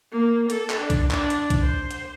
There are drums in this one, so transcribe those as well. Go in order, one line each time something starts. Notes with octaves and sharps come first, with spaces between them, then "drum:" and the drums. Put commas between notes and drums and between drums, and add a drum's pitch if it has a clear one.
A#3
A4, drum: hi-hat
drum: clap
D4
drum: kick B1, hi-hat
D4, drum: clap
drum: hi-hat
drum: kick B1, hi-hat
C5
drum: hi-hat